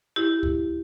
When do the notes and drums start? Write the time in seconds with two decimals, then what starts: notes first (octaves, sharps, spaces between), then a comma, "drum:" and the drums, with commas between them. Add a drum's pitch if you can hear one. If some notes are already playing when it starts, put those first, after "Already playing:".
0.16 E4 G4
0.43 drum: kick C#2